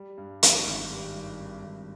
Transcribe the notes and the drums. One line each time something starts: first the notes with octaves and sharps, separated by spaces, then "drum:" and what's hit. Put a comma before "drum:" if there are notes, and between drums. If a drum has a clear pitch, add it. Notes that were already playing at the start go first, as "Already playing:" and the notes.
Already playing: G3
G2
D#3, drum: hi-hat
G#1
G3
G2
D#3
G#1